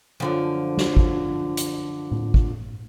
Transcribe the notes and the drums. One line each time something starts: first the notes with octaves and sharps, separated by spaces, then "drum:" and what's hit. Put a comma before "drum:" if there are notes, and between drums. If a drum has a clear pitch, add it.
F#2 D3 F3
drum: snare
drum: kick
drum: hi-hat
drum: tom A2
drum: kick